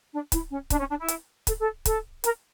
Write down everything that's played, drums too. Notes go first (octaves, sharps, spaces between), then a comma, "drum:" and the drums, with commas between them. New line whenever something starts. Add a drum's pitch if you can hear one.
D4
E4, drum: kick C#1, hi-hat
C#4
D4, drum: kick C#1, hi-hat
C#4
D4
E4
drum: hi-hat
A4, drum: kick C#1, hi-hat
A4
A4, drum: kick C#1, hi-hat
A#4, drum: hi-hat